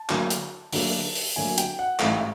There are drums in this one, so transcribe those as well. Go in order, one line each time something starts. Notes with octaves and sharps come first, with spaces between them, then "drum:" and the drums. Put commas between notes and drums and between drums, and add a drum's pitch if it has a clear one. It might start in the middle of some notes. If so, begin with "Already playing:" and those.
Already playing: A5
D2 D3 F#3 A#3, drum: clap
drum: hi-hat
D2 D3 F#3 A#3, drum: open hi-hat
drum: open hi-hat
D2 D3 F#3 A#3 G#5
G5, drum: hi-hat
F#5
A1 G#2 E3 A3 F5, drum: clap